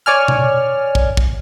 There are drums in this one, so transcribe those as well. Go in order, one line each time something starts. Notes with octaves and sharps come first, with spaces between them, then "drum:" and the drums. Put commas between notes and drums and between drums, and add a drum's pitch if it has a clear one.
C#5 D5 G#5 F6
drum: tom B2
drum: kick
drum: kick